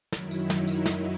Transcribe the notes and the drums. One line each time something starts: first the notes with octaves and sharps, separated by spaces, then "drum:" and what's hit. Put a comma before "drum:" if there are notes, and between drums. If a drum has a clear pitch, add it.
F#2 D#3 F#3 E4, drum: snare
drum: tambourine
D#4, drum: snare
drum: tambourine
drum: snare